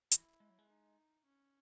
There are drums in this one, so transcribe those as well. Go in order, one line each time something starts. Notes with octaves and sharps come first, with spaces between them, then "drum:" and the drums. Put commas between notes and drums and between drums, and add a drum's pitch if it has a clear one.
E3 E4, drum: hi-hat
G#3
F#3
G#3
D#4
C#4